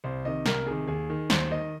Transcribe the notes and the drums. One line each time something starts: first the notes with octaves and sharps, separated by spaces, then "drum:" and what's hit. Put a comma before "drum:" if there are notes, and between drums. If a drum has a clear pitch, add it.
C2 C5
C3 D#3 D#5
C2 A#4, drum: snare
C3 D#3 G#4
D#2 G#4
D#3
D#2 C5, drum: snare
D#3 D#5